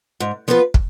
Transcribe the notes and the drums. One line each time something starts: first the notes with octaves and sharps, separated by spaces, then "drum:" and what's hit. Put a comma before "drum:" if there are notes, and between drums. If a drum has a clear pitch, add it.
G#2
F3 B3 F4 B4
drum: kick